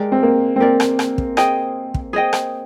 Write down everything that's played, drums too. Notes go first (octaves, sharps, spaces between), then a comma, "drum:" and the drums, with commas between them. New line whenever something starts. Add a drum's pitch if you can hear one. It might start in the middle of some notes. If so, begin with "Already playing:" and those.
Already playing: G#3 G4 A#4 D5
C4
A#3
C4
A#3 G4 A#4 D5
drum: rim click
drum: rim click
drum: kick
G#4 C5 D#5 G5, drum: rim click
drum: kick
G#4 C5 D#5 G5
drum: rim click